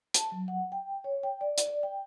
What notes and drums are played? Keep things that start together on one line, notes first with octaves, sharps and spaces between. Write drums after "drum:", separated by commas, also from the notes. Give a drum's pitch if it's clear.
A5, drum: hi-hat
F#3
F#5
G5
C#5
G5
D5
drum: hi-hat
D5
G5